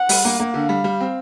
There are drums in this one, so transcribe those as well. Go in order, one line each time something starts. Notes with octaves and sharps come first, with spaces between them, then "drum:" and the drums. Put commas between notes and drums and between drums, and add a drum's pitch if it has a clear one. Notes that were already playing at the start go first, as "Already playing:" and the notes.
Already playing: F#5
G3, drum: open hi-hat
A#3
A#3
D3 F5
G3
G3
C4